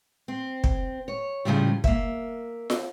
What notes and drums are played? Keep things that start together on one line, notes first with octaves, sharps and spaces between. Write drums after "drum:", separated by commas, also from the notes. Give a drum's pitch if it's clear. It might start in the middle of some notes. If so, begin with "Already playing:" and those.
C4
drum: kick
C#5
A2 C#3 E3 F3 G3
A#3 E5, drum: kick
drum: snare